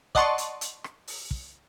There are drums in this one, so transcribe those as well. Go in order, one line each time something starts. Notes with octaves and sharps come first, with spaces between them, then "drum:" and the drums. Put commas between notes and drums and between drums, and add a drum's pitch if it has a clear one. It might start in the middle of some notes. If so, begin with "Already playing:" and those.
D5 D#5 F#5 A5 C6 C#6, drum: kick
drum: hi-hat
drum: hi-hat
drum: rim click
drum: open hi-hat
drum: kick